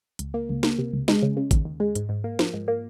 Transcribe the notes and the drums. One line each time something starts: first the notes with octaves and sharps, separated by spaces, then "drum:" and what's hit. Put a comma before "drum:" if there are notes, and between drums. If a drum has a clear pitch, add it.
C#2, drum: hi-hat
A#3
C#2
A#3, drum: snare
C3
C#2
G#3, drum: snare
C#3
C#3
D#2, drum: kick, hi-hat
D#2
G#3
G#2, drum: hi-hat
G#2
A#3
F3, drum: snare
G#2
A#3